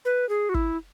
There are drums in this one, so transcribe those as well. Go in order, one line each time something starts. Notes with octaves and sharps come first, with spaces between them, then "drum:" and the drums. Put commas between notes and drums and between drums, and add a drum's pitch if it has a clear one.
B4
G#4
F#4
E4, drum: kick